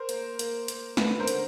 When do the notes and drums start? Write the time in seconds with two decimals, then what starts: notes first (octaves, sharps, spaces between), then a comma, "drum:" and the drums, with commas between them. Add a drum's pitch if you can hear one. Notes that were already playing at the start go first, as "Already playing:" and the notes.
Already playing: A#4 C5
0.09 A#3, drum: hi-hat
0.39 A#3, drum: hi-hat
0.68 A#3, drum: hi-hat
0.97 D3 B4, drum: snare
1.20 A#4 C5
1.27 D3, drum: hi-hat